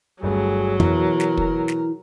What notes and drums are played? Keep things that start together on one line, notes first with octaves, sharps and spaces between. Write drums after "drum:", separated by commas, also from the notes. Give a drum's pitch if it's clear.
G1 G2 F#3 A3 G#4
B2 E3 A#4, drum: tom F2
drum: snare
drum: kick
drum: snare